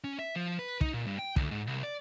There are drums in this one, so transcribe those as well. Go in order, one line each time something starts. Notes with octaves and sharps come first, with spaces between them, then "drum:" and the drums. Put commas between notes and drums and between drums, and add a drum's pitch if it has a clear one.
C#4
E5
F3
B4
D#4, drum: kick
A#2
G2
G5
D2, drum: kick
G#2
C2
D5